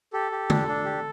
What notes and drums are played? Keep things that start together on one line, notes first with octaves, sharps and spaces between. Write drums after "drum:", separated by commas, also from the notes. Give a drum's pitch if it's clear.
G4 A4
G4
D4, drum: tom D3
D4
G4